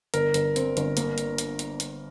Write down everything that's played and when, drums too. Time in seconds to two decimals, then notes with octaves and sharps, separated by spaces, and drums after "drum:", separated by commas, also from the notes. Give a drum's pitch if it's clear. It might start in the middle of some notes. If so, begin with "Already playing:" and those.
0.14 G1 A#4, drum: hi-hat
0.34 G1, drum: hi-hat
0.56 C4, drum: hi-hat
0.77 G1, drum: hi-hat
0.97 A#3, drum: hi-hat
1.18 drum: hi-hat
1.38 drum: hi-hat
1.59 drum: hi-hat
1.80 drum: hi-hat